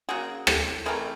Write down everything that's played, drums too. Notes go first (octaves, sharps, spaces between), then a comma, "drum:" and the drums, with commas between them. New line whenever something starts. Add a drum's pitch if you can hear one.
C#3 F#3 A#3 F#4 G#4
G4 A4, drum: rim click
E3 A3 C4 G#4 A#4